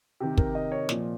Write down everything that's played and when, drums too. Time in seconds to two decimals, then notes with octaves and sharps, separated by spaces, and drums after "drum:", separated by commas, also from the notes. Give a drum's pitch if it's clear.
0.20 C3 D#3 G4
0.38 A#4, drum: kick
0.55 D#5
0.72 C#5
0.89 A#2 F3, drum: snare